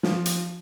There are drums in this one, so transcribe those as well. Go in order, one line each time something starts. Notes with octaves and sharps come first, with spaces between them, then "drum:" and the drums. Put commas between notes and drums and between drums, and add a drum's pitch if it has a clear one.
F3, drum: snare
drum: hi-hat